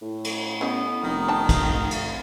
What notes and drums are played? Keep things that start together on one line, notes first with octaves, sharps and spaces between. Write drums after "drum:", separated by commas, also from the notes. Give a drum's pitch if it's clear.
A2
drum: cymbal
B3 C#4 G4 D#5
F1 D#3
D4 G5 A5
drum: kick, cymbal
drum: cymbal